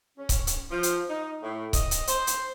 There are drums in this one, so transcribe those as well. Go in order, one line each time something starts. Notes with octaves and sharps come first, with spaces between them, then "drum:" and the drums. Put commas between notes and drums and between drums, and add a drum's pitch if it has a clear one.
C#4
drum: kick C#1, hi-hat
drum: hi-hat
F3
drum: hi-hat
D#4
A2
D#5, drum: kick C#1, hi-hat
drum: hi-hat
C5, drum: hi-hat
drum: hi-hat